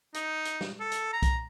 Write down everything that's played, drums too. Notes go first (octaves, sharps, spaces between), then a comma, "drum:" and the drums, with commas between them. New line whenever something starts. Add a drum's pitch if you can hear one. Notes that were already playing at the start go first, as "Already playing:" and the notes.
D#4, drum: hi-hat
drum: hi-hat
drum: snare
A4
drum: hi-hat
A#5
drum: kick, hi-hat